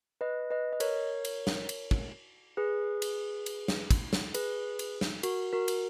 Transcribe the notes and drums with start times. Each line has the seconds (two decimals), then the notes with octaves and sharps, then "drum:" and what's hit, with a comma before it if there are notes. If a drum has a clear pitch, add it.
0.21 B4 D#5
0.51 B4 D#5
0.73 D#5
0.80 A#4 C#5, drum: cymbal
1.25 drum: cymbal
1.47 drum: snare
1.69 drum: cymbal
1.91 drum: kick
2.57 G#4 B4
3.02 drum: cymbal
3.46 drum: cymbal
3.68 drum: snare
3.91 drum: kick, cymbal
4.13 drum: snare
4.34 G#4 B4, drum: cymbal
4.79 drum: cymbal
5.01 drum: snare
5.23 F#4 A#4, drum: cymbal
5.53 F#4 A#4
5.68 drum: cymbal